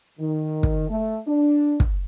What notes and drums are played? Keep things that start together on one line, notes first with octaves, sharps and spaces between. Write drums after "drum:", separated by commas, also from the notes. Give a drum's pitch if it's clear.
D#3
drum: kick
A3
D4
drum: kick